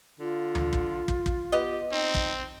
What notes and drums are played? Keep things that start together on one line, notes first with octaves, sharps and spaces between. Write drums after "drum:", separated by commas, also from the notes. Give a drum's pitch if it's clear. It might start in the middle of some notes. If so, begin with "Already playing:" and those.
D3 F4
drum: tom D2
drum: kick
drum: kick
drum: kick
B3 G4 D#5
C4 D#4
drum: kick